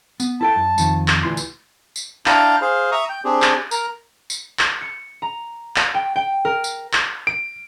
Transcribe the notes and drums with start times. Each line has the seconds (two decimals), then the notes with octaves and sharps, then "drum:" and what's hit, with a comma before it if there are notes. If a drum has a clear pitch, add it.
0.20 B3, drum: tambourine
0.41 E4 A4 G5 A5
0.56 F#2
0.78 F2 D#3, drum: tambourine
1.08 drum: clap
1.23 D2 G2 A#2 E3 E4 C6
1.37 drum: tambourine
1.96 drum: tambourine
2.26 D4 E4 F5 G5 A5 A#5, drum: clap
2.62 G#4 C5 F5
2.92 E5 A#5 C#6 D#6
3.09 G5
3.25 C4 D4 G4 G#4
3.42 drum: clap
3.71 A#4 A#5, drum: tambourine
4.30 drum: tambourine
4.59 drum: clap
4.81 C#7
5.22 A#5
5.76 drum: clap
5.95 G5
6.16 G5
6.45 A#4
6.64 drum: tambourine
6.93 drum: clap
7.27 D7